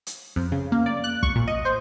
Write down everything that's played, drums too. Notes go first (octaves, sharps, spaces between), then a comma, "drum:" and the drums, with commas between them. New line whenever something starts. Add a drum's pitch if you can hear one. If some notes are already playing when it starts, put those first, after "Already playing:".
drum: hi-hat
F2
C#3
A#3
D5
F#6
C#6, drum: kick
A#2
D#5
C5